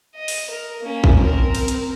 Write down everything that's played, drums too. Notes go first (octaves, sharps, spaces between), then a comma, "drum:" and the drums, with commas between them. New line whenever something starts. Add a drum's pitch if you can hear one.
D#5
drum: open hi-hat
A#4
A#3 C#4
drum: kick
C4 A#4
drum: cymbal
drum: hi-hat